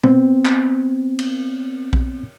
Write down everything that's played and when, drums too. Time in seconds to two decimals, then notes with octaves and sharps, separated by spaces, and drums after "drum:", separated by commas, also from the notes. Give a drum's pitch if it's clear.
0.03 B3 C4, drum: tom
0.45 drum: clap
1.19 drum: cymbal
1.93 drum: kick A#1